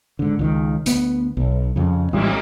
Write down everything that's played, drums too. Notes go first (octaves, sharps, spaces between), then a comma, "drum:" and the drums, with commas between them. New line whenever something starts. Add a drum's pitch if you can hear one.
G#2 D3
C#2 D#3
D2 B3, drum: hi-hat
B1
F2 C#3
A1 G3, drum: cymbal